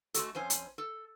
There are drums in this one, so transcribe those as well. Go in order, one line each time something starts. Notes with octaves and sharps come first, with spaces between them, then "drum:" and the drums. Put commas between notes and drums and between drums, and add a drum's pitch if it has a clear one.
G#3 A3 F#4 A4, drum: hi-hat
F2 C#4 C5 G#5
drum: hi-hat
A4